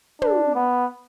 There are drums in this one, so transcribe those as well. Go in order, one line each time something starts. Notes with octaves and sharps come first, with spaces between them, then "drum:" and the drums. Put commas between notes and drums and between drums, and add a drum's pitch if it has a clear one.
D4, drum: tom
B3